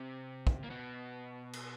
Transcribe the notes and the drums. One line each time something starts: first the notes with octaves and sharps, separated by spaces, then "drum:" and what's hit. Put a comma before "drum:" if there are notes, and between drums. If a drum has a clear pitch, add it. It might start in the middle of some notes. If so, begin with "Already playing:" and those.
Already playing: C3 C4
drum: kick
A#3
B2 B3
drum: cymbal